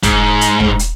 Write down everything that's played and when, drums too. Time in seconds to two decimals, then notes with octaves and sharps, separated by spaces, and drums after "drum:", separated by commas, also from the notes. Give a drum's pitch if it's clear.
0.03 G#2, drum: kick, hi-hat
0.41 drum: hi-hat
0.60 drum: kick
0.79 drum: hi-hat